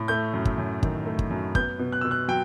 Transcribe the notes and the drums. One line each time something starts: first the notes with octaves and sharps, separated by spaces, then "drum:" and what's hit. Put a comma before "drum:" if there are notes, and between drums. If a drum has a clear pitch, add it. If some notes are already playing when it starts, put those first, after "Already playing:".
Already playing: A2
A3 G6
F#2
drum: kick
F#2
D#3, drum: kick
A3
drum: kick
F#2
B3 G6, drum: kick
B2
F#6
B2 E6
F#6
F#3 G5